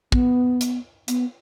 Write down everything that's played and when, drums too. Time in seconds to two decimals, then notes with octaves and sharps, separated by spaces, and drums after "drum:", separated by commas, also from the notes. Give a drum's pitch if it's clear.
0.12 B3, drum: kick
0.61 drum: hi-hat
1.08 B3, drum: hi-hat